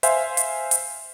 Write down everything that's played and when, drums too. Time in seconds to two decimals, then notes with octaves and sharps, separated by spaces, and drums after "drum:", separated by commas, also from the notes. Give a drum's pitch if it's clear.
0.03 C5 E5 F5 G#5, drum: hi-hat
0.37 drum: hi-hat
0.71 drum: hi-hat